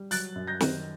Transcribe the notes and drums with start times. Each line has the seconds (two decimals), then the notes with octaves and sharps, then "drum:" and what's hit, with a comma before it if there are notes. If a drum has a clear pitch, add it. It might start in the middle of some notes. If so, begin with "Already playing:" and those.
Already playing: G3
0.11 F#3 F#6 A6, drum: open hi-hat
0.36 F#2
0.47 G6 A#6
0.60 D#3, drum: snare